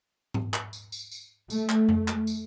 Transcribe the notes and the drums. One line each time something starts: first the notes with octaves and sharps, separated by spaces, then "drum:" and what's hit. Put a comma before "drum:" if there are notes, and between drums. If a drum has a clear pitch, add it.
drum: tom G#2
drum: clap
drum: tambourine
drum: tambourine
drum: tambourine
A3, drum: tambourine
drum: clap
drum: tom F2
drum: clap
drum: tambourine